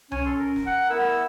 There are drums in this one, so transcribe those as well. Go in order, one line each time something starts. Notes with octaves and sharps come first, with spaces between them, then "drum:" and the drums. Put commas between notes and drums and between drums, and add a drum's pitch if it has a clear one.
C#4 C#5 G#5, drum: tom C2
A4 C6
A#4
drum: snare
F#5
B3 E4 A#4 E6